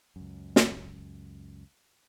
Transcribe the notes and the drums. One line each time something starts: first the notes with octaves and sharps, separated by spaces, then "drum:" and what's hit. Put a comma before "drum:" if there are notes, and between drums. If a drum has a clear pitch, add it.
C#2 F#2
drum: snare